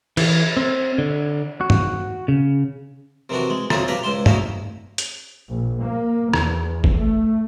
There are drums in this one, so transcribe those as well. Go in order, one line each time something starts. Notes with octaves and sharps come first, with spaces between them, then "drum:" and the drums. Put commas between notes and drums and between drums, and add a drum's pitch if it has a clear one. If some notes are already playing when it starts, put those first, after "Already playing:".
E3, drum: cymbal
C4
D3
F#4
drum: tom G2
C#3
C3 D#3 E3 D4 F#4
G#3
F2 F#3 F4 E5 D#6, drum: rim click
D4 G4 B4 F5 A#5 B5
C#2 G#2 C5 C6
D#4 E4 F#4 E5 F5, drum: tom G2
drum: hi-hat
A#1
A#3
E2, drum: rim click
drum: kick
A3